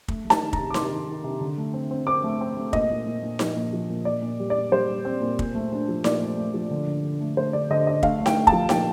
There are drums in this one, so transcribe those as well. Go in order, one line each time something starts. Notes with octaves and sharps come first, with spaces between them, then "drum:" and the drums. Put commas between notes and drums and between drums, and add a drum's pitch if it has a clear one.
A3, drum: kick
A3
A5, drum: snare D#4
D#3
A#5, drum: kick
C3
D6
C3 C6, drum: snare D#4
D#3
D#3
C3
D3
A3
C4
C4
C4 D6
A3
C4
A3
A#2 D#5, drum: kick
A#2
A#2
A#2
F3, drum: snare D#4
A#2
F3
A#2
A#2 D5
A#2
G3
D5
A#2
G3 C5
G3
C4
A#2
A#2, drum: kick
A3
D4
F3
A#2 D5, drum: snare D#4
A3
A3
F3
D3
D3
D3
A3
A3 C5
D3 D5
D3 D#5
D4 D#5
A3 F5, drum: kick
A3
G5, drum: snare D#4
A3
A5, drum: kick
F3
A#2 G5, drum: snare D#4